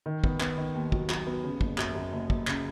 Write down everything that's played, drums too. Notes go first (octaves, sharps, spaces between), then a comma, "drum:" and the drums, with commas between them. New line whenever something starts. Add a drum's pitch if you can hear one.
D#3
B3, drum: kick
B3, drum: clap
D#3
D#2
F#3, drum: kick
F#3, drum: clap
B3
C#3
F#1, drum: kick
F#2, drum: clap
F#2
F#1
F#1, drum: kick
C#3, drum: clap